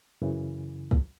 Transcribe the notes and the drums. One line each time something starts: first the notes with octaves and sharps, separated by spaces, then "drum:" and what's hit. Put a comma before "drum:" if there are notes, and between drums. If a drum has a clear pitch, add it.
F#2 C#3 E3
drum: kick